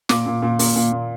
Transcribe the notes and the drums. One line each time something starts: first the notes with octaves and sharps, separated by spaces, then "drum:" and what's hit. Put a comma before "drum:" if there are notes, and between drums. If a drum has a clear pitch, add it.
A#2 D6, drum: snare
A#2
A#2
A#2, drum: open hi-hat
A#2
A#2